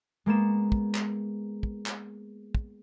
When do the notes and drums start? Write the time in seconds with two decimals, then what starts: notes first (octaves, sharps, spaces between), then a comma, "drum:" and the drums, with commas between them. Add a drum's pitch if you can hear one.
0.26 G#3 A#3 B3 E7
0.72 drum: kick
0.95 drum: clap
1.63 drum: kick
1.86 drum: clap
2.55 drum: kick